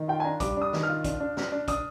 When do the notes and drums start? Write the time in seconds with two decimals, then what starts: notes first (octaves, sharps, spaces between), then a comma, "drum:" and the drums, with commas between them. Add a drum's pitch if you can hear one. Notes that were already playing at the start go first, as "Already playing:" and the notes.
Already playing: D#3
0.08 F4 G5
0.20 G#5
0.24 D4 A#5
0.40 G3 D6, drum: kick, hi-hat
0.57 D4 D#6
0.73 D#3, drum: snare
0.83 F6
0.88 F4
1.04 D4, drum: kick, hi-hat
1.20 D4
1.37 D4, drum: snare
1.52 D4
1.68 D4 D#6, drum: kick, hi-hat